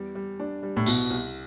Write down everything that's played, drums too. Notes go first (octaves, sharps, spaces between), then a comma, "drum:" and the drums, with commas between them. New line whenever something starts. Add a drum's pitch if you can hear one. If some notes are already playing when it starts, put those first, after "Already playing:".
Already playing: E2 G3
G3
D4
G3
A2
C2 B2, drum: tambourine
C2